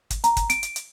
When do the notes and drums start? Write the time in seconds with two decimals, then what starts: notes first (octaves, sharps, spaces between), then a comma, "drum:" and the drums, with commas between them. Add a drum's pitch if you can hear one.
0.10 drum: kick, hi-hat
0.24 A#5, drum: hi-hat
0.37 drum: kick, hi-hat
0.50 D7, drum: hi-hat
0.63 drum: hi-hat
0.76 drum: hi-hat